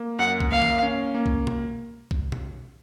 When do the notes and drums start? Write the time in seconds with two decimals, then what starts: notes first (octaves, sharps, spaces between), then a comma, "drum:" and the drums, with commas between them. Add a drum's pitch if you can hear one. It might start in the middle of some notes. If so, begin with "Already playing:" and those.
Already playing: A#3
0.19 F#2 F#5
0.40 drum: kick B1
0.51 A#3 F5
0.62 drum: tom D#3
0.83 C#4
1.15 A#3
1.26 drum: kick B1
1.47 drum: tom B2
2.11 drum: kick B1
2.32 drum: tom B2